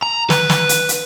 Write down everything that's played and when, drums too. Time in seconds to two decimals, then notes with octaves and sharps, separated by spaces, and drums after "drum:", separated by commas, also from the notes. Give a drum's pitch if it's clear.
0.03 A#5
0.30 B4, drum: snare
0.50 drum: snare
0.69 drum: hi-hat
0.89 drum: hi-hat